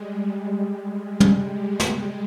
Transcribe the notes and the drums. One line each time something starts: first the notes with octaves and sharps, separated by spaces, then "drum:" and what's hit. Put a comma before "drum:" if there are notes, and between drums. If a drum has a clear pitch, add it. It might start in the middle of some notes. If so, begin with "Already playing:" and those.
Already playing: G3 G#3
drum: tom
drum: snare